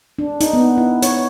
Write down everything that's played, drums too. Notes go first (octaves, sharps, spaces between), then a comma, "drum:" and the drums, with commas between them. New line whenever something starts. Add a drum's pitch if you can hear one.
D4
D#4, drum: hi-hat
B3
E4
C#5, drum: hi-hat